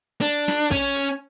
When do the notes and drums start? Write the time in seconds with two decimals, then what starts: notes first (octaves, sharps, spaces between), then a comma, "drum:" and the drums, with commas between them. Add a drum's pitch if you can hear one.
0.21 D4
0.48 drum: snare
0.71 C#4, drum: kick, hi-hat
0.95 drum: hi-hat